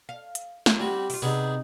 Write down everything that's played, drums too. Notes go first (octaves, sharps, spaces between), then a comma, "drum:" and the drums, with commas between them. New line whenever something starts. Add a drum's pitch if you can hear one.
F5
drum: hi-hat
drum: snare
G3 C4 F#4 G4
E4 F4, drum: open hi-hat
C3 B3 D4 D#4 G#4